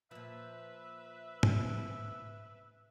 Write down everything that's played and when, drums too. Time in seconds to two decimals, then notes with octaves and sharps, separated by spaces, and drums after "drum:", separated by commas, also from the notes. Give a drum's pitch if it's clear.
0.11 A#2 F3 B4 E5
1.43 drum: tom